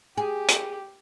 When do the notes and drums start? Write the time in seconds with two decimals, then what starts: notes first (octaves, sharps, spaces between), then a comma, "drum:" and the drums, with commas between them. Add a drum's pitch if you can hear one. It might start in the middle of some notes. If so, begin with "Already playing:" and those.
0.17 G4 G#4
0.48 drum: hi-hat